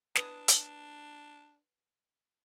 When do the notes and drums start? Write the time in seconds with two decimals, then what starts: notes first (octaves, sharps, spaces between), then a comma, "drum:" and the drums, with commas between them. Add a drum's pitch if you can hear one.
0.15 D4 B4 D#6, drum: snare
0.48 drum: hi-hat